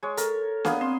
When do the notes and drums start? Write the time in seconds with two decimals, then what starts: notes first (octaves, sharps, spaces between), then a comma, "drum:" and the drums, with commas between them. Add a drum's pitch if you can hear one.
0.03 G#3 C#5
0.17 A4 A#4, drum: hi-hat
0.65 A#3 B3 G#4, drum: snare
0.81 C4 C6